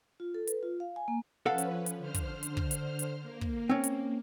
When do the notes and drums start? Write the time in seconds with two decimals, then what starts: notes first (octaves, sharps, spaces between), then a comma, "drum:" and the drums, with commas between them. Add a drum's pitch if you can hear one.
0.20 F4
0.34 A4
0.47 B4, drum: hi-hat
0.63 F4
0.80 F5
0.96 G#5
1.08 A#3
1.46 F3 C#4 A4 B4 F5 F#5
1.58 drum: hi-hat
1.86 drum: hi-hat
1.98 D3 C5 F6
2.14 drum: kick, hi-hat
2.43 drum: hi-hat
2.57 drum: kick
2.71 drum: hi-hat
2.99 drum: hi-hat
3.22 A#3
3.41 drum: kick
3.69 C4 C#4
3.84 drum: hi-hat